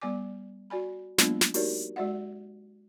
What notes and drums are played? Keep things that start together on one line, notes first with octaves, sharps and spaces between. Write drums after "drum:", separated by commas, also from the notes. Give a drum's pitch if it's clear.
G3 B3 D5 G#5 D6
F#4 D5 G#5 B5
F#3 G#3 A#3 B3 D4 F4, drum: snare
drum: snare
D#4 F#4 G4 A#4 C#5 D5, drum: open hi-hat
G#3 F#4 D5 E5 F#5